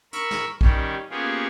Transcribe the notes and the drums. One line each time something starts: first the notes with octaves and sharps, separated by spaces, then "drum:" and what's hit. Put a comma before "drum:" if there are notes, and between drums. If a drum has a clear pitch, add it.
A#4 B5 C#6 E6, drum: hi-hat
drum: snare
D#3 G3 C#4, drum: kick A#1
A#3 B3 C#4 F4 G4 G#4